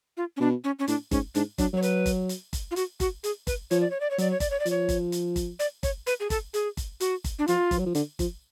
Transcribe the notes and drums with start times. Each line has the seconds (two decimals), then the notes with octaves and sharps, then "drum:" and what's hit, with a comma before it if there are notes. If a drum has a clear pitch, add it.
0.17 F4
0.37 C#4
0.40 B2 D4
0.64 C#4
0.79 C#4
0.88 A2 D4, drum: hi-hat
1.11 G#2 C#4, drum: kick G1, hi-hat
1.35 G#2 D4, drum: hi-hat
1.58 F#3 D4, drum: kick G1, hi-hat
1.73 F#3 C#5
1.82 B4, drum: hi-hat
2.06 drum: kick G1, hi-hat
2.29 drum: hi-hat
2.53 drum: kick G1, hi-hat
2.71 F4
2.76 F#4, drum: hi-hat
3.00 F#4, drum: kick G1, hi-hat
3.24 G#4, drum: hi-hat
3.47 B4, drum: kick G1, hi-hat
3.71 F3 C#5, drum: hi-hat
3.81 D5
3.91 C#5
4.00 D5
4.11 C#5
4.18 F#3 D5, drum: hi-hat
4.31 C#5
4.40 D5, drum: kick G1, hi-hat
4.50 C#5
4.60 D5
4.66 F3 C#5, drum: hi-hat
4.89 drum: kick G1, hi-hat
5.12 drum: hi-hat
5.36 drum: kick G1, hi-hat
5.59 D5, drum: hi-hat
5.83 C#5, drum: kick G1, hi-hat
6.07 B4, drum: hi-hat
6.20 G#4
6.30 A4, drum: kick G1, hi-hat
6.54 G#4, drum: hi-hat
6.77 drum: kick G1, hi-hat
7.00 F#4, drum: hi-hat
7.24 drum: kick G1, hi-hat
7.39 D4
7.48 F3 F4, drum: hi-hat
7.71 F3, drum: kick G1, hi-hat
7.79 F#3
7.86 F3
7.95 D3, drum: hi-hat
8.19 F3, drum: kick G1, hi-hat